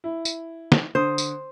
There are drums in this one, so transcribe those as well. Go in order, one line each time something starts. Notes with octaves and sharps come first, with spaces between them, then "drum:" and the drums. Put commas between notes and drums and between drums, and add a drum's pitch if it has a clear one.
E4
drum: tambourine
drum: snare
D3 C5 D#6
drum: tambourine